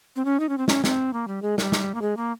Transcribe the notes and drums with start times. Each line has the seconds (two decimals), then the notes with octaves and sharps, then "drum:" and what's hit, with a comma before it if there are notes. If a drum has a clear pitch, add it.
0.16 C4
0.25 C#4
0.40 D#4
0.49 C#4
0.58 C4
0.68 C#4, drum: snare
0.84 C4, drum: snare
1.13 A#3
1.28 G3
1.42 G#3
1.58 G3, drum: snare
1.72 drum: snare
1.95 A#3
2.02 G#3
2.17 A#3